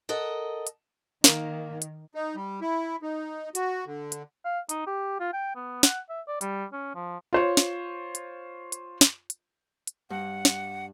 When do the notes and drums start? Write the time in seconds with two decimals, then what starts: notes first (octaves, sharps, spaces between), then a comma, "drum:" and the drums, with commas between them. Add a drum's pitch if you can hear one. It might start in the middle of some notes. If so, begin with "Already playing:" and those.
0.09 A4 A#4 D#5 F#5
0.67 drum: hi-hat
1.24 D#3 A#3, drum: snare
1.82 drum: hi-hat
2.15 D#4
2.35 G3
2.61 E4
3.02 D#4
3.55 F#4, drum: hi-hat
3.86 D3
4.12 drum: hi-hat
4.45 F5
4.69 D#4, drum: hi-hat
4.87 G4
5.20 F4
5.33 G5
5.56 B3
5.83 F#5, drum: snare
6.09 E5
6.27 D5
6.41 G3, drum: hi-hat
6.73 C#4
6.95 F3
7.33 F4 C5 C#5
7.57 drum: snare
8.15 drum: hi-hat
8.72 drum: hi-hat
9.01 drum: snare
9.30 drum: hi-hat
9.87 drum: hi-hat
10.10 G2 F#5
10.45 drum: snare